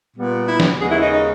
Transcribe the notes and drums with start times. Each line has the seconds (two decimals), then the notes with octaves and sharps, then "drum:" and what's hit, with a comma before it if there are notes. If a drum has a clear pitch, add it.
0.16 A#2 G3 B3
0.48 E4
0.60 drum: snare
0.80 D#2 C#3 G#3 B3 G#4
0.91 E4
1.01 D#4
1.12 D#4